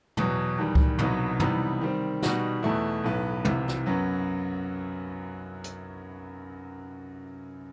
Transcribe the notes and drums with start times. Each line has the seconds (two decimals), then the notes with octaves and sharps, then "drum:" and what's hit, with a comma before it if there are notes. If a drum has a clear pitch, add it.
0.17 E2 B2 F#3, drum: tom
0.58 E2 D#3 G3
0.75 drum: kick C#2
0.99 C2 B2 F#3 B3 D#4, drum: tom
1.40 C3 E3 G3 B3 D#4, drum: tom
1.81 D#3 G3 C4
2.22 B2 G3 D#4 F#4, drum: snare
2.63 E2 B2 A3 E4
3.04 B1 A2 F#3 B3
3.45 C2 C3 E3, drum: tom
3.68 drum: rim click
3.86 F#2 F#3 B3
5.64 drum: hi-hat